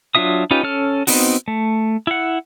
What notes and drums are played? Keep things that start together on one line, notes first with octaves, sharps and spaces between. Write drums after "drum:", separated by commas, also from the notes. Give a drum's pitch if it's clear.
F#3 D4 F4 E5 D#6
C#4 D#4 F4 G4 B4
C#4 A4 F6
B3 C4 D#4 F#4, drum: open hi-hat
A3
E4 F#5